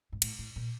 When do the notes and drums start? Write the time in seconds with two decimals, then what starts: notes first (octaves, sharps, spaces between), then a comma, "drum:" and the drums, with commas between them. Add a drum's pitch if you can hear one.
0.12 G#2
0.22 A2, drum: cymbal
0.39 A2
0.56 A#2